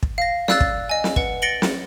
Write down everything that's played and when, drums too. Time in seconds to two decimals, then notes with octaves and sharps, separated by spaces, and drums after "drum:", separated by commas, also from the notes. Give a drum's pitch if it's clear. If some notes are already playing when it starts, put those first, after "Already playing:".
0.03 drum: kick
0.18 F5 A#6
0.48 D5 F5 E6 F#6 A6, drum: snare
0.61 drum: kick
0.89 D#5 G#5
1.04 drum: snare
1.16 B4 F#5, drum: kick
1.42 A6 A#6 C#7 D7 F#7 G7
1.62 drum: snare